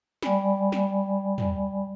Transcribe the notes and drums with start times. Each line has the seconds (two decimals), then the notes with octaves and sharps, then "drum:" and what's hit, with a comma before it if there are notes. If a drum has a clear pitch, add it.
0.22 G3 D5 G#5 B5, drum: snare
0.72 drum: snare
1.38 drum: tom